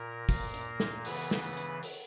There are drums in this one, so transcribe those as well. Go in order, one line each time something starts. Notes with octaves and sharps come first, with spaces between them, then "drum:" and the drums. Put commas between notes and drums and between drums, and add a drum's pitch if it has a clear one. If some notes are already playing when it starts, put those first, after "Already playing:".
Already playing: A#2 A#4
A#2 A#3, drum: kick, open hi-hat
drum: hi-hat
drum: snare
C#3 E3 B3 B4, drum: open hi-hat
drum: snare
B4
drum: hi-hat
drum: open hi-hat